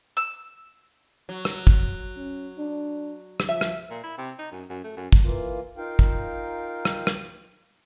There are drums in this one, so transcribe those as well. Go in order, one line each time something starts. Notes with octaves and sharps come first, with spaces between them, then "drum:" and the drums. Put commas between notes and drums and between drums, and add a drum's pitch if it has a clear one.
E6
F#3
drum: rim click
drum: kick
C#4
D4
drum: rim click
F3 E5
drum: rim click
A#2
E4
C3
D#4
F#2
F#2
A3
F#2
drum: kick
E3 A#3 F4
D#4 F4 A#4 F5 G5
drum: kick
drum: rim click
drum: rim click